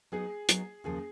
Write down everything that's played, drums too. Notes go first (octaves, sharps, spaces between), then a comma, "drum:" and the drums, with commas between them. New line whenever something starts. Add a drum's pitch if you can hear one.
F#3 B3 D#4 G#4
F#3 B3 D#4, drum: hi-hat
D#2 C#3 F3 G#4